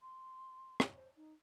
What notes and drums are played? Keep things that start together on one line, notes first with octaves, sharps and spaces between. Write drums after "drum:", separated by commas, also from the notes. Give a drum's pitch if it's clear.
C6
drum: rim click
C5
D#4